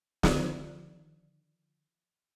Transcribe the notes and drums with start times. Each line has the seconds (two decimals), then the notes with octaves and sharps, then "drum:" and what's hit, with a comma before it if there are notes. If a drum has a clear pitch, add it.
0.23 D3 D#3 F3 D#4 F4 D5, drum: snare